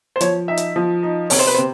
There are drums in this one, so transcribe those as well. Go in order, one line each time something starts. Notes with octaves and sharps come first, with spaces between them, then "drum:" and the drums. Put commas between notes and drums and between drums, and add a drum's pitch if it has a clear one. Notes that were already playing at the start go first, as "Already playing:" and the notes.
C5
F3 C#5, drum: hi-hat
D#4 E5
drum: hi-hat
F3
D#4
C3 C#5, drum: open hi-hat
C5
B4
C3 C5